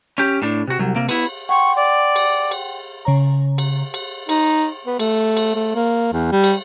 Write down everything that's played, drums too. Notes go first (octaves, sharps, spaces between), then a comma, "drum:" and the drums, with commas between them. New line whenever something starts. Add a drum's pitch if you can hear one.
C#4 G4
A2 D4
C3 F#4
C2 F#3
C3 A#3
B3 E4, drum: cymbal
F#5 G5 C6 C#6
D5
drum: cymbal
drum: cymbal
C#3 C#5 A#5
drum: cymbal
drum: cymbal
D#4, drum: cymbal
B3
A3, drum: cymbal
drum: cymbal
A3
A#3
E2
G3
drum: cymbal